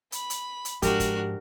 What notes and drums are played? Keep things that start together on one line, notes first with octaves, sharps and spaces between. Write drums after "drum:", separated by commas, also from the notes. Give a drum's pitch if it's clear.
B5, drum: hi-hat
drum: hi-hat
drum: hi-hat
G#2 F3 G#3 D4 F#4 G4 A#4, drum: kick, hi-hat
drum: kick, hi-hat